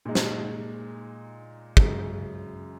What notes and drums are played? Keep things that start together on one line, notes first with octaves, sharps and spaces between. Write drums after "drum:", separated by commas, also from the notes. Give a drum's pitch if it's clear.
A#2 G#3 D#4
drum: snare
F#2 C#3 G#3, drum: kick